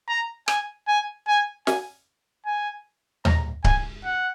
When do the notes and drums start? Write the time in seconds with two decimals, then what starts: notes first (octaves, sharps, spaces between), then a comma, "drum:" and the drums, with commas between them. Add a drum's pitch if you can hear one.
0.08 A#5
0.48 G#5, drum: rim click
0.88 G#5
1.28 G#5
1.67 G#5, drum: snare
2.46 G#5
3.25 A#5, drum: tom D#2
3.64 G#5, drum: kick C#1
4.04 F#5